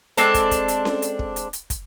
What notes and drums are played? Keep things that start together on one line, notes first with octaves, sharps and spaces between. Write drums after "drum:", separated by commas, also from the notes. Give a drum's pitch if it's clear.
G#3 C4 D4 A4, drum: hi-hat
drum: kick, hi-hat
drum: kick, hi-hat
drum: hi-hat
drum: snare C#4
drum: hi-hat
drum: kick
drum: hi-hat
drum: hi-hat
drum: kick, hi-hat